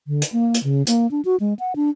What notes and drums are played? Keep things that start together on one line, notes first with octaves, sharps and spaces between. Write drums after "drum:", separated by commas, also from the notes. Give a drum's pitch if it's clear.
D3
drum: hi-hat
A#3
drum: hi-hat
C#3
A#3, drum: hi-hat
D4
F#4
G#3
F#5
D4